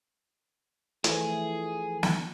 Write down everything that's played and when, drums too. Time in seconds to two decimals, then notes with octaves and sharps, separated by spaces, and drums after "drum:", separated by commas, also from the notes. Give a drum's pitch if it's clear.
1.04 E3 F3 A3 G#4, drum: hi-hat
2.03 drum: snare